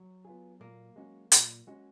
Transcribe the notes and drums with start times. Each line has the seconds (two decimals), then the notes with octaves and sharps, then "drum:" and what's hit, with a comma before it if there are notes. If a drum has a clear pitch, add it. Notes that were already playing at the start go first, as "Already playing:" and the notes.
Already playing: F#3
0.25 B3 F4 G#4
0.60 A#2 A#3
0.96 G#3 C#4 F#4
1.32 A#2, drum: hi-hat
1.67 G#3 C#4 F#4